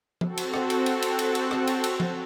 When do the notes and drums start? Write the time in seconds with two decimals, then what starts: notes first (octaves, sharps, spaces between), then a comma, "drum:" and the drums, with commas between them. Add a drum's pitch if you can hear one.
0.21 C4 F#4 A4, drum: tom
0.37 drum: cymbal
0.54 drum: rim click
0.70 drum: cymbal
0.86 drum: cymbal
1.02 drum: cymbal
1.19 drum: cymbal
1.35 drum: cymbal
1.51 drum: rim click
1.67 drum: cymbal
1.84 drum: cymbal
2.00 drum: tom